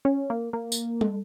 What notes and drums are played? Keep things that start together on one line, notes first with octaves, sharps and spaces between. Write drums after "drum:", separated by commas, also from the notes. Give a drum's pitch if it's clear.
C#4
A#3
A#3
drum: tambourine
A4, drum: tom G3